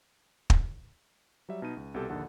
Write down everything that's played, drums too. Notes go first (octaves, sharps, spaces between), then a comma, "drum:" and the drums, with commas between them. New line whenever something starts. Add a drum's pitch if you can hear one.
drum: kick
F#3 G3 E5
B2 D#4 D#7
C#2
C2 B2 G4 A4
A#1 D#2 D3 A4 F#5